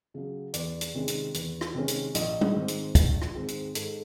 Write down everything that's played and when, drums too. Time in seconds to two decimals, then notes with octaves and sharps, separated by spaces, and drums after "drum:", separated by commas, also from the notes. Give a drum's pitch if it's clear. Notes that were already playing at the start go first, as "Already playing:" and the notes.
0.14 C#3 F#3
0.54 E2 D5, drum: hi-hat
0.81 drum: hi-hat
0.94 C3 D#3 G#3 C#4
1.08 drum: hi-hat
1.34 E2, drum: hi-hat
1.61 drum: rim click
1.74 C3 D#3 G#3 C#4
1.88 drum: hi-hat
2.15 A#1 D#5, drum: hi-hat
2.41 drum: tom G3
2.54 G#2 D#3 G#3 C4
2.68 drum: hi-hat
2.95 A#1, drum: kick, hi-hat
3.22 drum: rim click
3.35 G#2 D#3 G#3 C4
3.48 drum: hi-hat
3.75 G#2 A4, drum: hi-hat